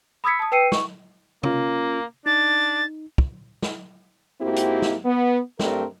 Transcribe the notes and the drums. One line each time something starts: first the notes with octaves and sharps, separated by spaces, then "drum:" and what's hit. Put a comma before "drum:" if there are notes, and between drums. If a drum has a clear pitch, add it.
B5 D#6 E6 G#6 B6 C#7
A5 D#6
B4 G5 E6 C7 C#7 D#7
C#6, drum: snare
A#3 C#4 F4, drum: tom C3
D4 D#4 A6
drum: kick
drum: snare
G#2 A#3 C4 E4 F#4 G4
drum: hi-hat
drum: snare
B3
G2 G3 A3 C4 A#4, drum: snare